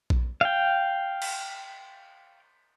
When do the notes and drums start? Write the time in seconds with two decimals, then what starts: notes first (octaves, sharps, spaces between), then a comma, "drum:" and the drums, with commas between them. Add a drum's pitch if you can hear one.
0.10 drum: kick A#1
0.41 F5 G5
1.22 drum: cymbal